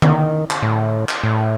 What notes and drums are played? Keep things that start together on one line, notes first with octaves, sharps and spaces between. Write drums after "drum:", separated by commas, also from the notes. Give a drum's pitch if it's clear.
D#3, drum: tom D3
drum: clap
A2
drum: clap
A2